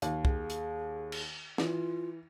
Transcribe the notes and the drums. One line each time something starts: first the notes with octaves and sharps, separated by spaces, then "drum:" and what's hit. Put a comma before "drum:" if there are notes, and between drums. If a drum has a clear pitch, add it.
D#2, drum: hi-hat
G#4, drum: kick
drum: hi-hat
drum: cymbal
E3 F4, drum: snare